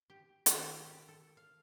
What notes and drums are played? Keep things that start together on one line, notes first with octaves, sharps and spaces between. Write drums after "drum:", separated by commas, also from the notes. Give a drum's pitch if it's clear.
G4
D#3, drum: hi-hat
G4
A4
F5